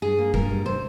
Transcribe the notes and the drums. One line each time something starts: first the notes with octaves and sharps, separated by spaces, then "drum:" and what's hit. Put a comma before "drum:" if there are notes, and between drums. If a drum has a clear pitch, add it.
G2 G#4
A#3
G2 A#4, drum: kick
G3
C3 C5